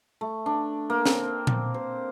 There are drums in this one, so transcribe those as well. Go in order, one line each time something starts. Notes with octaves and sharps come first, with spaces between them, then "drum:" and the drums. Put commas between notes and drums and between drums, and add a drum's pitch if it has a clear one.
A3
D4
A#3
C4, drum: snare
drum: tom A#2
C5